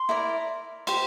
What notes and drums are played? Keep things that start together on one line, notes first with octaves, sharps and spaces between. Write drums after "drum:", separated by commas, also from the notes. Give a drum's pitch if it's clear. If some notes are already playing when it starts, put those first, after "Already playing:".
Already playing: C6
E4 A#4 D5
G4 C5, drum: cymbal